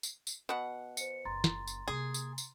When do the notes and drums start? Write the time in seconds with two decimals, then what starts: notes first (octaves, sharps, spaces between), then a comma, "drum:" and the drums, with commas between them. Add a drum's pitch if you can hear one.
0.03 drum: tambourine
0.27 drum: tambourine
0.49 B2 F#5
0.97 C5 C#7, drum: tambourine
1.25 F#1 A#5 C6 A6
1.44 drum: snare
1.67 drum: tambourine
1.88 C3 A#3 G#4
2.14 drum: tambourine
2.38 drum: tambourine